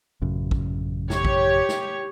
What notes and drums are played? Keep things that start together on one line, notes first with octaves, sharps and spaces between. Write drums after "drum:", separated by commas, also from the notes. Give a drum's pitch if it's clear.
A1 F#2 C#3
drum: kick
G4 C#5, drum: snare
drum: kick
drum: snare